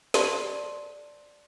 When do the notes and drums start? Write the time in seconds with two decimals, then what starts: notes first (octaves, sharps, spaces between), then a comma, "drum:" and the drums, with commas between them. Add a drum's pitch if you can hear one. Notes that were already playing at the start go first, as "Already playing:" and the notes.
0.14 C5 D5 A5 C6, drum: snare